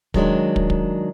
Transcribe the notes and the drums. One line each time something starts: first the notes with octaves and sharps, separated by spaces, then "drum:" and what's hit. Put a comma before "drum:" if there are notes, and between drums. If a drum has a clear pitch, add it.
D#3 F#3 G#3 D4, drum: kick
drum: kick
drum: kick